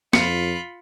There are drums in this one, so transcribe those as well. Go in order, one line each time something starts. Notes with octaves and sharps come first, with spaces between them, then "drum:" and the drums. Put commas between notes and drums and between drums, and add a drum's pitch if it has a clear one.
F2 F4 B5 C#7, drum: snare